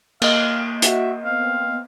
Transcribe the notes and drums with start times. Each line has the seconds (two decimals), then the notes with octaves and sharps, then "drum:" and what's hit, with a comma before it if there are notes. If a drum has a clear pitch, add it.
0.22 A#3 D#5 F5, drum: cymbal
0.82 F#4 E5, drum: hi-hat
1.25 B3 C4 F5